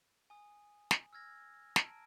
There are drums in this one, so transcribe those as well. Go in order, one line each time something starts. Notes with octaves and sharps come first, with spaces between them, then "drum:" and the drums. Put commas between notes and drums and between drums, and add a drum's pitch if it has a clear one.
G#5 D#6
drum: snare
E6 F6 G#6 A#6
A5 A#5 D7, drum: snare